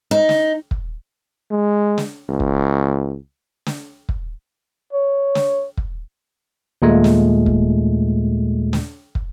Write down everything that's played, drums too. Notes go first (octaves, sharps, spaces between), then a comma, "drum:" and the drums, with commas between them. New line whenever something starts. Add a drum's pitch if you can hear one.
D#4
drum: snare
drum: kick
G#3
drum: snare
C#2
drum: kick
drum: snare
drum: kick
C#5
drum: snare
drum: kick
D#2 A#2 G#3 A3
drum: snare
drum: kick
drum: snare
drum: kick